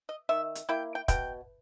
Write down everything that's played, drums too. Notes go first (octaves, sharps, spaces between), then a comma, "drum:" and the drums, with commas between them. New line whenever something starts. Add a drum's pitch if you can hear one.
D#5
D#3 E5
drum: hi-hat
A#3 E4 G5
G5
B2 G5, drum: kick, hi-hat